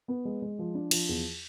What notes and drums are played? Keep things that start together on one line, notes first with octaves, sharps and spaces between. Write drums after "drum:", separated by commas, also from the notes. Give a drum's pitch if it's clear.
B3
G#3
G#3
F3
D4
F3, drum: cymbal
E2